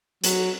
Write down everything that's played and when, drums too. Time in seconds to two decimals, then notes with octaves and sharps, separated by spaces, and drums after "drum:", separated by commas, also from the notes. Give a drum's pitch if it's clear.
0.24 F#3, drum: hi-hat